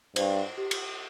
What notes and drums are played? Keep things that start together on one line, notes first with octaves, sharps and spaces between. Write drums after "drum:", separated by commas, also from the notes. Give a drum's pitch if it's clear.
G2 C5, drum: cymbal
G4
drum: cymbal